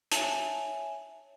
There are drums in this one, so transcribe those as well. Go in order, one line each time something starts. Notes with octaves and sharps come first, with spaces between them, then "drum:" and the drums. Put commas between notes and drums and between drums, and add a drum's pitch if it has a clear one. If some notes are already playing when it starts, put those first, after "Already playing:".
C#5 E5 G#5 A5, drum: hi-hat